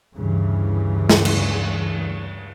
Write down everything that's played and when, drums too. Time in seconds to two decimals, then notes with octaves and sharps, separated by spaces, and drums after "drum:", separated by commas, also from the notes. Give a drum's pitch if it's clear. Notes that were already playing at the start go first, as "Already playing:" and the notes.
0.16 D2 G2 C#3 E3
1.10 drum: snare
1.25 drum: cymbal